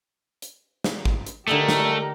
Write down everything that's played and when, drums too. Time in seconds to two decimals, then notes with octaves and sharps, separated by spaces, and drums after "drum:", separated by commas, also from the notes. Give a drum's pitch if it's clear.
0.42 drum: hi-hat
0.84 drum: snare
1.05 drum: kick G#1
1.26 drum: hi-hat
1.48 D3 A3 D#4 G4 A#4 E5
1.69 drum: snare